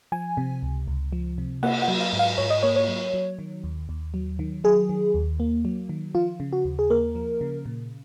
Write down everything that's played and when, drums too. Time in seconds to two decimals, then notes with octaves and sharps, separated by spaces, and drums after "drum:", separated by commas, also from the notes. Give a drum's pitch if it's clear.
0.12 F3 G#5
0.37 C3
0.63 C#2
0.87 C#2
1.12 F3
1.38 C3
1.63 A#3 F#5, drum: cymbal
1.82 F#5
1.88 F#3
2.01 F5
2.13 G#2
2.19 F5
2.38 G#2 C#5
2.50 D#5
2.63 A#3 C#5
2.76 C#5
2.88 F#3
3.14 F#3
3.39 D#3
3.64 D#2
3.89 D#2
4.14 F#3
4.39 D#3
4.64 F#3 G#4
4.89 D#3
5.14 D#2
5.40 A#3
5.65 F#3
5.89 D#3
6.15 F3 F4
6.40 C#3
6.53 F#4
6.65 D#2
6.79 G#4
6.90 A#3 A#4
7.15 F3
7.41 C#3
7.66 A#2